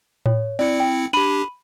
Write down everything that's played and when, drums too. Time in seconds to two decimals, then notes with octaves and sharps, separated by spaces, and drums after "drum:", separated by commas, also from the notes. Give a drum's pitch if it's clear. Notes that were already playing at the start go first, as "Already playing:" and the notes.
0.26 C#5, drum: tom A2
0.59 C4 E4 D5 C#7
0.80 G5
1.13 D4 G4 B5 D#7 F#7